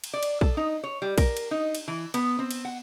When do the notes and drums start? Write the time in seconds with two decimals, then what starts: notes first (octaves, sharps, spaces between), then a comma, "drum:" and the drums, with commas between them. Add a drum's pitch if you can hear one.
0.04 drum: cymbal
0.13 D5
0.23 drum: cymbal
0.41 A4, drum: kick A#1
0.57 D#4
0.84 C#5
1.02 G3
1.18 A#4, drum: kick A#1, cymbal
1.37 drum: cymbal
1.51 D#4
1.75 drum: cymbal
1.88 E3
2.14 B3, drum: cymbal
2.39 C4
2.51 drum: cymbal
2.65 F#5